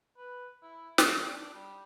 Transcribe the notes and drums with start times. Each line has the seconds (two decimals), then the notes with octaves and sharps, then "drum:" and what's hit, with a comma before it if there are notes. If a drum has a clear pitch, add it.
0.17 B4
0.62 E4
0.98 G4, drum: snare
1.22 D4
1.54 G3